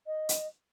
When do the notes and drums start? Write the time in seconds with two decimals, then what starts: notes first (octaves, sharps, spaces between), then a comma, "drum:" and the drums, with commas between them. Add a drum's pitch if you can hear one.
0.07 D#5
0.29 drum: hi-hat